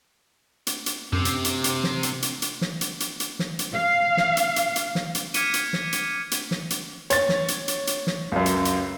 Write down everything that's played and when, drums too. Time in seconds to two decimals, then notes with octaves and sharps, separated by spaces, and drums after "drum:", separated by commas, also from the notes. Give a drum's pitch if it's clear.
0.67 drum: hi-hat
0.86 drum: hi-hat
1.13 F#2 C3
1.25 drum: hi-hat
1.45 drum: hi-hat
1.64 drum: hi-hat
1.83 drum: snare
2.03 drum: hi-hat
2.22 drum: hi-hat
2.42 drum: hi-hat
2.61 drum: snare
2.81 drum: hi-hat
3.00 drum: hi-hat
3.20 drum: hi-hat
3.39 drum: snare
3.59 drum: hi-hat
3.75 F5
4.17 drum: snare
4.37 drum: hi-hat
4.56 drum: hi-hat
4.76 drum: hi-hat
4.95 drum: snare
5.15 drum: hi-hat
5.34 D6 F6 G#6 B6 C#7 D#7, drum: hi-hat
5.54 drum: hi-hat
5.73 drum: snare
5.93 drum: hi-hat
6.31 drum: hi-hat
6.51 drum: snare
6.70 drum: hi-hat
7.10 C#5 C#6 A6, drum: hi-hat
7.29 drum: snare
7.48 drum: hi-hat
7.68 drum: hi-hat
7.87 drum: hi-hat
8.07 drum: snare
8.32 C#2 F#2
8.46 drum: hi-hat
8.65 drum: hi-hat